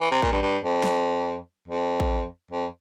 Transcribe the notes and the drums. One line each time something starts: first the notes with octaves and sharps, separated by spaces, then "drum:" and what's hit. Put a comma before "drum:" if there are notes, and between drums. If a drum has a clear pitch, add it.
E3
C3
A#2, drum: kick A1
G2
G2
F2
drum: snare
F2
drum: kick A1
F2